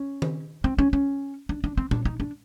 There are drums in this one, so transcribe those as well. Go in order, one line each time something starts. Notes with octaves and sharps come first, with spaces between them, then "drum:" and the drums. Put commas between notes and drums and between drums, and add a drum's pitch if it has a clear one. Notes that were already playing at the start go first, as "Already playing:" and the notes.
Already playing: C#4
drum: tom D#3
C4
C#4
C#4
D4
D4
C4
D4, drum: tom A#2
D#4
D4